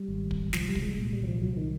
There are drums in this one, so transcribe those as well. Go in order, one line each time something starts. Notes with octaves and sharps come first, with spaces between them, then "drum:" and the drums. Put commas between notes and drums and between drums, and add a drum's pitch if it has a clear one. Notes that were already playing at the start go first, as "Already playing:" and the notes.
Already playing: G3
G#1
G#1, drum: kick
C2 F3, drum: snare
G3
C2, drum: kick
G#3
A#2
G3
C2 F#3
F3
C2 F#3
D#3